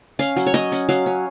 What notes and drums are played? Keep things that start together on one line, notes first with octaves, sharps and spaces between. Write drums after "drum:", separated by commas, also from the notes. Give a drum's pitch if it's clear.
C#4 F5, drum: hi-hat
F#3, drum: hi-hat
C#5
F#3 D#5, drum: snare
C#4, drum: hi-hat
F#3 F5, drum: hi-hat
C#4